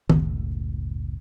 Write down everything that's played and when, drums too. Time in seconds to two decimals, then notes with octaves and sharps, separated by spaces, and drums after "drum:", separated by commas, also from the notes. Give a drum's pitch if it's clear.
0.10 F#1 C#2 A2, drum: tom